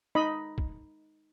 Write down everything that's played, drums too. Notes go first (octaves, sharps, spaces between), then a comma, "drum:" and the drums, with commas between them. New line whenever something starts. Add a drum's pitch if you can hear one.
D#4 D#5 B5
drum: kick